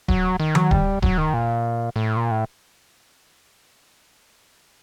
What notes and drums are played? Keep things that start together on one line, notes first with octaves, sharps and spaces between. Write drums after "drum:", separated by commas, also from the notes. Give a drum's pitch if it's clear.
F#3, drum: kick D1
D#3
F#3, drum: tom D#3
G3, drum: kick D1
F#3, drum: kick D1
D#3
A#2
A2
A#2
A2